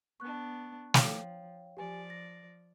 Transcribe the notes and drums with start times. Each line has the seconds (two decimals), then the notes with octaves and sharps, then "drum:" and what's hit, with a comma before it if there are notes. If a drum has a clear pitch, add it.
0.20 B3 D4 C#6 F#6
0.94 F3 C#5 F5 G5, drum: snare
1.77 F3 G4 D5 G#5
2.10 A#6